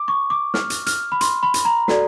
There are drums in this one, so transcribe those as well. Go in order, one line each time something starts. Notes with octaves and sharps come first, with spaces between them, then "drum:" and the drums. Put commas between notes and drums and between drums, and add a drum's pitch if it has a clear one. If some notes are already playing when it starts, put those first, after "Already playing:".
Already playing: D6
C#6
D6
F6, drum: snare
drum: hi-hat
F6, drum: hi-hat
B5
C6, drum: hi-hat
B5
drum: hi-hat
A#5
F#4 A4 D5, drum: snare